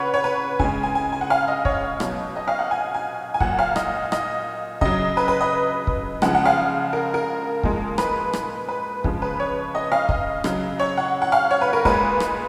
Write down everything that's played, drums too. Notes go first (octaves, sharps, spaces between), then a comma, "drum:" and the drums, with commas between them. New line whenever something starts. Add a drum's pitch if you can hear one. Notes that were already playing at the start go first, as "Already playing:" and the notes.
Already playing: C#3 B4 C#5 F#5
C#5
B4
C#3 G#3 G#5, drum: kick
G#5
G#5
G#5
F#5
F5
D#5
C#5, drum: kick
B2 F#3, drum: rim click
D#5
F5
F#5
G#5
G#5
G#5
A#2 F#3 F#5, drum: kick
F5
D#5, drum: rim click
D#5, drum: rim click
C#3 F#3 D#5, drum: kick
B4
B4
D#5
drum: kick
C#3 F3 G#3 F#5, drum: rim click
F#5
F5
A#4
A#4
A#2 F3 G#3, drum: kick
B4, drum: rim click
drum: rim click
B4
C#3 F3 G#3, drum: kick
B4
C#5
D#5
F5
D#5, drum: kick
C#3 F#3, drum: rim click
C#5
F#5
F#5
F5
C#5
B4
A#4
A#2 G#3 B4, drum: kick
drum: rim click